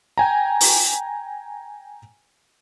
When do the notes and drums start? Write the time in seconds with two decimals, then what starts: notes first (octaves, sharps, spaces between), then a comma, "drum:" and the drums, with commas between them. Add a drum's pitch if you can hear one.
0.18 G5 G#5 A#5
0.61 drum: open hi-hat